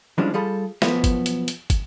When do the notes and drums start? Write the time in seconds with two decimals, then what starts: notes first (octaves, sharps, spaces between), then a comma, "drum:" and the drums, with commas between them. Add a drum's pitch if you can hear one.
0.18 E3 F3 G3 G#3 C#4 D4
0.34 G3 F4 G#4 A4 B5
0.82 B1 B2 F3 B3 E5, drum: snare
1.04 drum: kick, hi-hat
1.26 drum: hi-hat
1.48 drum: hi-hat
1.70 drum: kick, hi-hat